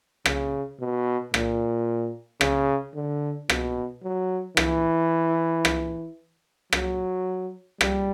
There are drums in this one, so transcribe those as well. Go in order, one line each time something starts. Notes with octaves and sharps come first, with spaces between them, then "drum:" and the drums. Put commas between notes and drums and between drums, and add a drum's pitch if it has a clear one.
C#3, drum: rim click
B2
A#2, drum: rim click
C#3, drum: rim click
D3
B2, drum: rim click
F#3
E3, drum: rim click
drum: rim click
F#3, drum: rim click
G3, drum: rim click